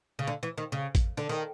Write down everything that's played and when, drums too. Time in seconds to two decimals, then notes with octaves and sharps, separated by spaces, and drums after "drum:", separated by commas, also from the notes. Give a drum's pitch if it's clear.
0.19 C#3
0.27 D3
0.43 E3
0.58 D#3
0.72 C#3
0.95 drum: kick A1, hi-hat
1.17 D3
1.29 D#3